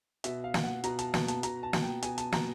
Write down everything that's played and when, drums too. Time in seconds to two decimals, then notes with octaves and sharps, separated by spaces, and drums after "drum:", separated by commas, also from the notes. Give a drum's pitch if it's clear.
0.24 B2 E5, drum: hi-hat
0.44 F5
0.54 B2, drum: snare
0.64 F#5
0.84 B2 A#5, drum: hi-hat
0.99 A5, drum: hi-hat
1.14 B2 A5, drum: snare
1.28 A5, drum: hi-hat
1.43 B2 A#5, drum: hi-hat
1.63 A5
1.73 B2, drum: snare
1.83 G5
2.02 B2 G#5, drum: hi-hat
2.18 A5, drum: hi-hat
2.32 B2 A#5, drum: snare